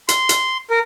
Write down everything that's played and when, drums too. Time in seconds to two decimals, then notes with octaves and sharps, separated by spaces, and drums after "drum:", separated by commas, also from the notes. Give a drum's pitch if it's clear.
0.09 C6, drum: hi-hat
0.29 drum: hi-hat
0.70 A#4